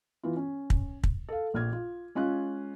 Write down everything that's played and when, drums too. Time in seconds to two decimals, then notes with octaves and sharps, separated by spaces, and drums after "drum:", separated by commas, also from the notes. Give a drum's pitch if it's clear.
0.23 E3 B3 F4
0.37 C#4
0.70 drum: kick
1.04 drum: kick
1.29 A4 F5
1.54 A#1 F6 G#6
1.73 F4
2.15 G#3 C#4 F4 F#6